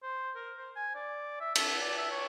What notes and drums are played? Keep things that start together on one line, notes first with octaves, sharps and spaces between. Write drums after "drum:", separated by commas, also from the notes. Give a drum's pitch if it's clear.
C5
A#4
C5
G#5
D5
E5
E5, drum: cymbal
D5
E5
C#5